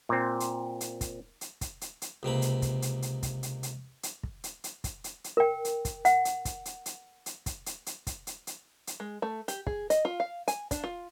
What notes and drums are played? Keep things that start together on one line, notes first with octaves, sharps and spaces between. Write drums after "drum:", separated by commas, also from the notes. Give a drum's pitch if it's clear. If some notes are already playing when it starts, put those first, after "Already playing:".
A#2 C4
drum: hi-hat
drum: hi-hat
drum: kick, hi-hat
drum: hi-hat
drum: kick, hi-hat
drum: hi-hat
drum: hi-hat
C#2 C3 A#3 B5
drum: hi-hat
drum: kick, hi-hat
drum: hi-hat
drum: hi-hat
drum: kick, hi-hat
drum: hi-hat
drum: hi-hat
drum: hi-hat
drum: kick
drum: hi-hat
drum: hi-hat
drum: kick, hi-hat
drum: hi-hat
drum: hi-hat
A#4 G5
drum: hi-hat
drum: kick, hi-hat
F#5, drum: hi-hat
drum: hi-hat
drum: kick, hi-hat
drum: hi-hat
drum: hi-hat
drum: hi-hat
drum: kick, hi-hat
drum: hi-hat
drum: hi-hat
drum: kick, hi-hat
drum: hi-hat
drum: hi-hat
drum: hi-hat
G#3
A3
G4, drum: hi-hat
G#4, drum: kick
D#5, drum: hi-hat
F4
F5
G#5, drum: hi-hat
D4, drum: kick, hi-hat
F4